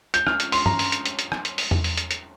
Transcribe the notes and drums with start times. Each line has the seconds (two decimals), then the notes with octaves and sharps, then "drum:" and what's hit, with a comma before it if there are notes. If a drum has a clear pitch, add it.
0.14 G6, drum: hi-hat
0.27 F6, drum: rim click
0.40 drum: hi-hat
0.52 C6, drum: open hi-hat
0.66 A#5, drum: tom G2
0.79 drum: open hi-hat
0.92 drum: hi-hat
1.05 drum: hi-hat
1.19 drum: hi-hat
1.32 drum: rim click
1.45 drum: hi-hat
1.58 drum: open hi-hat
1.71 drum: tom E2
1.84 drum: open hi-hat
1.97 drum: hi-hat
2.11 drum: hi-hat